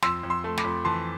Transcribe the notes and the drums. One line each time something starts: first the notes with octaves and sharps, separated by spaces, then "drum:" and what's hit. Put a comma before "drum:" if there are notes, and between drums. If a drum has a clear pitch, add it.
F2 C6 E6, drum: snare
F2
C6 E6
A3
B5 D6, drum: snare
F2
E3 A5 C6